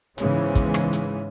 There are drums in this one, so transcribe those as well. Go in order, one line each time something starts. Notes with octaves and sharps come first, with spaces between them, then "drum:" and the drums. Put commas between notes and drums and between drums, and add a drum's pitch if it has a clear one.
G#2 C#3 E3 G#3 B3 C#4, drum: hi-hat
drum: kick, hi-hat
drum: rim click
drum: hi-hat